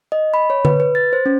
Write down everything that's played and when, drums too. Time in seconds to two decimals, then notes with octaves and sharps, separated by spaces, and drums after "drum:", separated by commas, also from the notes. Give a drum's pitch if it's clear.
0.12 D#5
0.34 B5
0.50 C#5
0.65 B4, drum: tom D3
0.80 B4
0.95 A6
1.13 C5
1.26 C#4